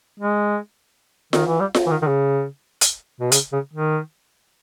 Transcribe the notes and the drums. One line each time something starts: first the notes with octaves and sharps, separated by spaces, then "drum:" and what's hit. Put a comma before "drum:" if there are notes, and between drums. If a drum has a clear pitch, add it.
G#3
D#3, drum: snare F4
E3
G3
drum: snare F4
E3
D#3
D#3
C#3
drum: hi-hat
B2
C#3, drum: hi-hat
C#3
D#3